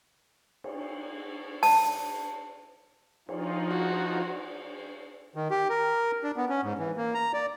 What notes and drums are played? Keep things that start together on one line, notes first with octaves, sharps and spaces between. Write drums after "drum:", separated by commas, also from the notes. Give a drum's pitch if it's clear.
drum: cymbal
A5, drum: open hi-hat
F3 D#4 F4, drum: cymbal
F#4
D#3
G4
A#4
D4
B3
C#4
G#2
E3
A#3
A#5
D5